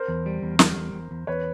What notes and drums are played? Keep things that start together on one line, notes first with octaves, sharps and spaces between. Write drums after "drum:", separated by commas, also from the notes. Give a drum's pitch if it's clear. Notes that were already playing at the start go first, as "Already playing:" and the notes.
Already playing: A#4 C5
E2
G3
E2
G3, drum: snare
E2
E2
E2
E2 B4 C#5